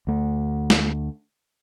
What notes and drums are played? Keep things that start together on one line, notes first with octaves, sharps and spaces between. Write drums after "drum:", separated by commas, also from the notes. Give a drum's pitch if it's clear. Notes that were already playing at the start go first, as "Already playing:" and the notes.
D2 A3
drum: snare